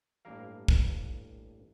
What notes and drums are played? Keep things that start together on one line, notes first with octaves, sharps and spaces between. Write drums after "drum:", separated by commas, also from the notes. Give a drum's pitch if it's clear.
A1 G2 A#3 A#4 F5
drum: kick